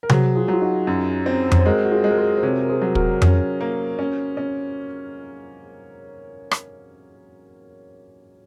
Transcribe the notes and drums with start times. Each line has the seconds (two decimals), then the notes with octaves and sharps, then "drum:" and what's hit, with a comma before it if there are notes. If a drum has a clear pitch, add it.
0.03 A#4
0.09 F#3 G#4 C5, drum: tom C3
0.35 F4 G#4
0.48 F#3 F4
0.62 D#4 F#4
0.87 F#2
1.26 C4
1.52 C#5, drum: tom F2
1.59 C5
1.66 G#3 F#4 A#4
1.85 F#4
1.91 F4 G#4
2.04 G#3
2.11 A#4
2.18 G#4 C5
2.37 C5
2.43 C3 A#4 C#5
2.62 A#4
2.69 G#4 C5
2.82 F#3
2.95 F#4 A#4, drum: kick
3.22 C#4, drum: tom F2
3.61 A#3
3.99 C#4
4.37 C#4
6.51 drum: rim click